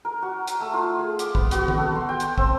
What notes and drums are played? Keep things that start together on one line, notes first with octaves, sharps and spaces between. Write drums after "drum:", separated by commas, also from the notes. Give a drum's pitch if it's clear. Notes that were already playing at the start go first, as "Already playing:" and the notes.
A#4
F#4
drum: hi-hat
A3
F4
G#4
D6, drum: hi-hat
B3, drum: kick
F#4, drum: hi-hat
drum: tom
A4
C6
G5
drum: hi-hat
C4, drum: kick